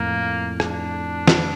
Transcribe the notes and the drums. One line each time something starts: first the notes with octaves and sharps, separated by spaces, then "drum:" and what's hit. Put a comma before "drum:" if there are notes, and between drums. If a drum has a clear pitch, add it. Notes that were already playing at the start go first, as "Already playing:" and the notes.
Already playing: F2 A2 A#3
D4, drum: rim click
drum: snare